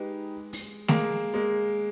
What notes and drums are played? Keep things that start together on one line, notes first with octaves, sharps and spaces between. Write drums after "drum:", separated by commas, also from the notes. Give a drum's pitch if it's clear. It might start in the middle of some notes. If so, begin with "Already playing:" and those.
Already playing: G#3 D#4 G4 B4
drum: open hi-hat
G#3 A#3, drum: snare A3
G#3 A#3